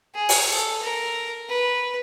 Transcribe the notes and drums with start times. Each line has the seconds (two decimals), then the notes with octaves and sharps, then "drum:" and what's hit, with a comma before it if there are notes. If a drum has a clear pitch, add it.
0.15 G#4
0.29 drum: open hi-hat
0.48 A4
0.82 A#4
1.48 B4